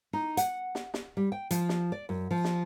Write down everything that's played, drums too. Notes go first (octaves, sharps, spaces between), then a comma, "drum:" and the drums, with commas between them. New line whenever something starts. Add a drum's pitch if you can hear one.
D#4
F#5, drum: hi-hat
drum: snare
drum: snare
G3
G5
F3, drum: hi-hat
drum: snare
D5
F#2
F3
drum: snare